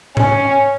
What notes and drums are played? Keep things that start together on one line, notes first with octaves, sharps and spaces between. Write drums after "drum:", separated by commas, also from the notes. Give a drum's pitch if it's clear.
C#4, drum: tom G#2